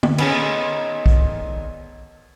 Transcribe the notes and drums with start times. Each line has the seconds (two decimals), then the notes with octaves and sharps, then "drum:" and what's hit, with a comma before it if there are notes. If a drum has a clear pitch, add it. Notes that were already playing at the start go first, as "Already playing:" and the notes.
0.03 drum: tom
0.18 A#2 D#3 A3 B3 C#4 G#4, drum: cymbal
1.06 drum: kick